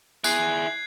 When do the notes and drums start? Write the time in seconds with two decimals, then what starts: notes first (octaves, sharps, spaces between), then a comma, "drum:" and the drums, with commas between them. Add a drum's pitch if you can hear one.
0.24 E4 G#4 F#6 G#6 C7, drum: tambourine